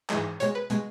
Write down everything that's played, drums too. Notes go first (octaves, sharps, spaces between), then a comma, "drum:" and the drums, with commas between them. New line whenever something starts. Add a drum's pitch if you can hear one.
G#2 E3 G#3, drum: clap
B2 G#3 C#5, drum: hi-hat
B4
B2 G#3, drum: hi-hat